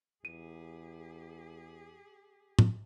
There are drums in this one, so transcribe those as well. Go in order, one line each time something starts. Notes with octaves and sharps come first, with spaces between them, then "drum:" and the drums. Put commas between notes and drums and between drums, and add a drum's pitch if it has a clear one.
E2 G4 G#4 D#7
drum: tom A2